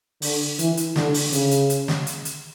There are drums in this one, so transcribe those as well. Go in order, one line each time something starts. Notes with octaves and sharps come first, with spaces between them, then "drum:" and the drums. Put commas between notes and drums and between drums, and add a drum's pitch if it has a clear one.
D3, drum: open hi-hat
E3, drum: hi-hat
drum: hi-hat
D3, drum: snare
drum: open hi-hat
C#3, drum: hi-hat
drum: hi-hat
drum: hi-hat
drum: snare
drum: hi-hat
drum: hi-hat